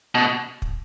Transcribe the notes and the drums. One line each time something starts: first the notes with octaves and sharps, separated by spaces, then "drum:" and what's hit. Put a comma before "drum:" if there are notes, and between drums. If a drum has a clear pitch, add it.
B2
drum: kick